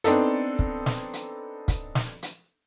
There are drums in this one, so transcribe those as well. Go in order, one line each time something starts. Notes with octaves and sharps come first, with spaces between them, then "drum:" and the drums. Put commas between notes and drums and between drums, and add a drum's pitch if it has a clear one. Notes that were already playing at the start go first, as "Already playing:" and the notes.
B3 C4 D4 D#4 A4, drum: hi-hat
drum: kick
drum: snare
drum: hi-hat
drum: kick, hi-hat
drum: snare
drum: hi-hat